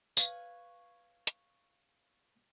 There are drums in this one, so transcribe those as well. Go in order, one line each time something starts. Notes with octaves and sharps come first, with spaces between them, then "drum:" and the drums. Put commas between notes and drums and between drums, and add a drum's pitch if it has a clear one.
B4 C#5 F5 G#5, drum: tambourine
drum: hi-hat